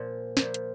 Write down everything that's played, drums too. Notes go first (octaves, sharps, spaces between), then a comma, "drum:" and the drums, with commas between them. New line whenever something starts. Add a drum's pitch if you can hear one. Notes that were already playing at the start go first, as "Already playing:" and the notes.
Already playing: A#2 F3
A#2 F3, drum: snare
drum: hi-hat